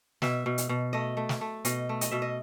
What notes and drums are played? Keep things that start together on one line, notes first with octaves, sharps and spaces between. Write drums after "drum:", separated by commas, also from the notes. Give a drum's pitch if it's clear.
B2 E5, drum: snare
B2
drum: hi-hat
B2
A3 D#5
A3
drum: snare
A3
B2 D#5, drum: hi-hat
A3
D#5, drum: hi-hat
B2 E5
D#5